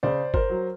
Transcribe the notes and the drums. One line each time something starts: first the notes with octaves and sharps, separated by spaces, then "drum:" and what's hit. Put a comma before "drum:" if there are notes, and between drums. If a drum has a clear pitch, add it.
C#3 C5 D5
A#4 C5, drum: kick G1
F#3